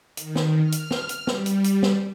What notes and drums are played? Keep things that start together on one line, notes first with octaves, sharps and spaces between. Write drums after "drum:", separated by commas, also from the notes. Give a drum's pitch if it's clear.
D#3, drum: hi-hat
drum: snare
F6
drum: hi-hat
drum: snare
drum: hi-hat
G3, drum: snare
drum: hi-hat
drum: hi-hat
drum: snare